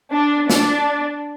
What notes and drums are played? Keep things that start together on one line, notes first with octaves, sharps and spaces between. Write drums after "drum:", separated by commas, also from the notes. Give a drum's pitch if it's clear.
D4
D4, drum: snare